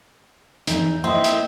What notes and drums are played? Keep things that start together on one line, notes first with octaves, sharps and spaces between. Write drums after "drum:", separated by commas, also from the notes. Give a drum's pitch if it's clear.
E2 E3 D#4, drum: hi-hat
A#3 C4 E4 D#5 E5
drum: hi-hat